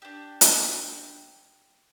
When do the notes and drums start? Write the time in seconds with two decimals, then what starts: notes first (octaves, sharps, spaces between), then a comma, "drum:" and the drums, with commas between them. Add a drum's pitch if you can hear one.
0.02 D4 G4
0.41 drum: hi-hat